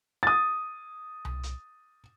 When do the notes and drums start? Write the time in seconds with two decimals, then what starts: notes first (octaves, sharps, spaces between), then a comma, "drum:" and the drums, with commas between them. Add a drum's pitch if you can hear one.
0.23 D#6 A6
1.25 drum: tom C2
1.43 drum: hi-hat